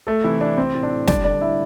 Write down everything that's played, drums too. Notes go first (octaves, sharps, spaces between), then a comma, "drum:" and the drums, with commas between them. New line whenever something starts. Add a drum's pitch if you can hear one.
A3 A4
C3 E3 E4
C3 D4
A3 C4
A2
D4
A2
G3 D4 D5, drum: snare
D3 D4 D5
D3 E4 E5